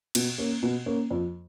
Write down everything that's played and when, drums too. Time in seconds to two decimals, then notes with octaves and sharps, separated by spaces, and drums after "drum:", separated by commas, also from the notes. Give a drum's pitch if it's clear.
0.15 B2, drum: cymbal
0.38 A#3 C#4
0.63 B2
0.86 A#3 C#4
1.11 F2